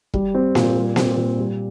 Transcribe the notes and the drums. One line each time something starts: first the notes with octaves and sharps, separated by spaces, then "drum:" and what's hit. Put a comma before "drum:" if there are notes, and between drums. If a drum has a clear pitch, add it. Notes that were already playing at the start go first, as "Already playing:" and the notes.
G3, drum: kick
C4
A#2, drum: snare A#3
G3
C4, drum: snare A#3
A#2
G3